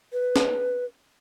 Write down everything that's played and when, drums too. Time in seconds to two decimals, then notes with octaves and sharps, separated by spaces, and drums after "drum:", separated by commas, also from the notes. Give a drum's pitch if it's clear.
0.13 B4
0.36 drum: snare